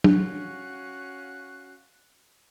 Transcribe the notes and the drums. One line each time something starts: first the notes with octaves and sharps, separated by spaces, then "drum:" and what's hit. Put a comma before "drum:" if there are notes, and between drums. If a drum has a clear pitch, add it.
C#4 F#4 F5 F#6, drum: tom